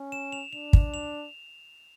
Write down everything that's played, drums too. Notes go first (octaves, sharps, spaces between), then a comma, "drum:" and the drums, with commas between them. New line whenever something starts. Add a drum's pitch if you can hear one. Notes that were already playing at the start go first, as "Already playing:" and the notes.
Already playing: C#4
E7
F7
D4 F7
drum: kick
F7